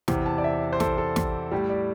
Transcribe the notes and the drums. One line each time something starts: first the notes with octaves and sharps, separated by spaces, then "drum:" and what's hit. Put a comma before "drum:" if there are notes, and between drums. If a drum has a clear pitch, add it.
E2 C3 E3, drum: snare
A5
D5
E5
C5
A4, drum: snare
A4
drum: snare
A2 G3 G4
D5